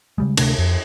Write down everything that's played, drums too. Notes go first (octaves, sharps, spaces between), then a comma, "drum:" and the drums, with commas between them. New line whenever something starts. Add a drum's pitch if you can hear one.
C#3 G3 G#3
D2 C3 A3 D4, drum: cymbal
F2